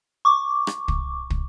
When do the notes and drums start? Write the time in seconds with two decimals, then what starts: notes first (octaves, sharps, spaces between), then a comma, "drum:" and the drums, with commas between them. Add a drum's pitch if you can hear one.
0.25 C#6 D6
0.67 drum: rim click
0.88 drum: kick
1.30 drum: kick